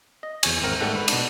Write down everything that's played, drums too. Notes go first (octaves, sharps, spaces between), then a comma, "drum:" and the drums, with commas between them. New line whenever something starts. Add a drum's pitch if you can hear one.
D#5
E2 C#5 G#5, drum: cymbal
G#1 C4 A#4
G#2 G3 A3 A4 F#5
B4
B2 D4, drum: cymbal